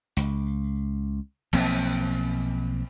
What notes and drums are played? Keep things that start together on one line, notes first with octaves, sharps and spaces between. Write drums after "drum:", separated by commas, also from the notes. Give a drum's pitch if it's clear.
C#2, drum: hi-hat
B1 F3 A#3 C4, drum: cymbal